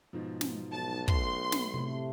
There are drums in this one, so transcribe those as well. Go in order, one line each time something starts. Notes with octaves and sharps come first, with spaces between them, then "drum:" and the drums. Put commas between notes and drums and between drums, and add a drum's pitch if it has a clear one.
G#2 B2 F3
drum: snare
B1 A5
A3 C6, drum: kick
drum: snare
A2 C3 A3